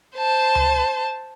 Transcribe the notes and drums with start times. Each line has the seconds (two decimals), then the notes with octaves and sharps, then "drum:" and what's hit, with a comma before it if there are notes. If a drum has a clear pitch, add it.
0.17 C5 A5
0.55 drum: tom C#2